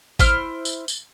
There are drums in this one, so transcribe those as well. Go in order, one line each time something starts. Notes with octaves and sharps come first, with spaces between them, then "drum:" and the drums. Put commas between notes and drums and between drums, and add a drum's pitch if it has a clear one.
E4 C5 F6, drum: kick G#1, tambourine
drum: tambourine
drum: tambourine